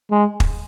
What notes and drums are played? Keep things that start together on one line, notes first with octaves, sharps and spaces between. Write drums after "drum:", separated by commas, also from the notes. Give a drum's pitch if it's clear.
G#3
drum: kick